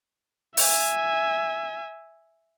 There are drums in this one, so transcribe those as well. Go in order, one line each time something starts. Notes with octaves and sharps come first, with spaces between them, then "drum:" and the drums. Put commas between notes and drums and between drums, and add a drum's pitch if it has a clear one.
E5 G#5, drum: open hi-hat